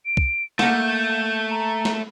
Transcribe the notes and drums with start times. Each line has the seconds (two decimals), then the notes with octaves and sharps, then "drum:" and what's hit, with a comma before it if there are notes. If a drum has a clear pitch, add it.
0.06 D7
0.17 drum: kick
0.59 A3 A#3 F#5 G6, drum: snare
1.50 A#5
1.85 drum: snare